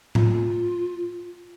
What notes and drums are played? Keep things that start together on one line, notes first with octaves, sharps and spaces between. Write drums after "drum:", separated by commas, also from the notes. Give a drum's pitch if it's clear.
F4, drum: tom A2